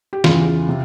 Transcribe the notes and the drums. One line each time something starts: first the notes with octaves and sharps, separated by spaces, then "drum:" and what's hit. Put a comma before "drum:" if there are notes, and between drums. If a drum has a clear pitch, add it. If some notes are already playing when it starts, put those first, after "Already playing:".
G4
E2 C#3 E3 F4, drum: snare
C3